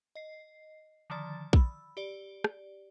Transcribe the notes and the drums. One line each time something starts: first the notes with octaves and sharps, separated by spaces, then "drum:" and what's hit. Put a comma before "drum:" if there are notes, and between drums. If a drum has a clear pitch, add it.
D#5 C7
D3 D#3 F3 D5 A6
B5 E6, drum: kick
G4 D5
drum: rim click